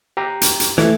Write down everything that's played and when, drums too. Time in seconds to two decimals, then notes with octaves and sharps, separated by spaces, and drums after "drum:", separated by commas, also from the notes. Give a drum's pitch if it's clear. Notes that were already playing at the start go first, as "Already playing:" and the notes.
0.17 G4 A#5
0.41 drum: hi-hat
0.60 drum: hi-hat
0.78 E3 A3, drum: snare